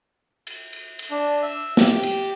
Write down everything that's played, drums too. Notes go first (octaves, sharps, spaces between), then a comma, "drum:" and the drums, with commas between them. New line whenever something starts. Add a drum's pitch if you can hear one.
drum: cymbal
drum: cymbal
drum: cymbal
D4
E5
G4, drum: snare
drum: cymbal